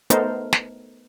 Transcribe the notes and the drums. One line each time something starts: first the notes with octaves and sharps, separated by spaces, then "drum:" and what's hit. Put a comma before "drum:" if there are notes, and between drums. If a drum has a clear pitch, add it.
A3 B3 D#4 A4 A#4 C5, drum: hi-hat
drum: snare